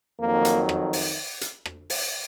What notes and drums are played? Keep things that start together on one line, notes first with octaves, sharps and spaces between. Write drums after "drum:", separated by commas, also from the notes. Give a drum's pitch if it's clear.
F2 D#3 F#3 A#3
drum: hi-hat
drum: rim click
drum: open hi-hat
drum: hi-hat
drum: rim click
drum: open hi-hat